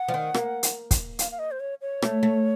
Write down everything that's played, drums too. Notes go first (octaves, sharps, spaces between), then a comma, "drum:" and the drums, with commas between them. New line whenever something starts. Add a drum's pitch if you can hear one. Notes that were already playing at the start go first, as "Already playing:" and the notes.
Already playing: F#5
F3
D#3
A#3, drum: rim click
drum: hi-hat
drum: kick, hi-hat
F5, drum: hi-hat
F5
D#5
C5
C#5
C#5
A3, drum: rim click
A3